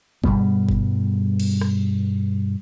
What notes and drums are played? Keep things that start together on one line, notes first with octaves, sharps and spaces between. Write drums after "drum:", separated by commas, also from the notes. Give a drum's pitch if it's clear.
G2 B2 G3 B3, drum: kick G1
drum: kick G1
drum: cymbal
drum: rim click